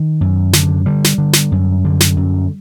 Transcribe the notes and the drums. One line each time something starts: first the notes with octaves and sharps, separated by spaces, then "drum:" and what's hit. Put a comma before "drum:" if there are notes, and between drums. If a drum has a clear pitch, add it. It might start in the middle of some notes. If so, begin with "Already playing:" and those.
Already playing: D#3
F#2
D3, drum: snare
D3 G3
drum: snare
D3
drum: snare
F#2
D3
drum: snare
F#2